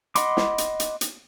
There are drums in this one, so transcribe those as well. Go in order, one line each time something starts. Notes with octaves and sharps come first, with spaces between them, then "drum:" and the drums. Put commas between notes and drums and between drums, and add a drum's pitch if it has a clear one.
D#5 F#5 B5 C6 D6, drum: hi-hat
drum: snare
drum: hi-hat
drum: hi-hat
drum: hi-hat